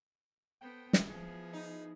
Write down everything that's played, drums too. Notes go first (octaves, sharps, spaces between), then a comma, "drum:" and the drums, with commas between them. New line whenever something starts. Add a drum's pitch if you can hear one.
B3 A4 C5 G5
drum: snare
F3 B3 E4 F4 G#4
D#4